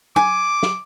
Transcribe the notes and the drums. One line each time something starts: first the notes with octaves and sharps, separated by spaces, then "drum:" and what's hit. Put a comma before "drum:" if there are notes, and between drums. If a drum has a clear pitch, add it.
G#5 D6, drum: tom
drum: snare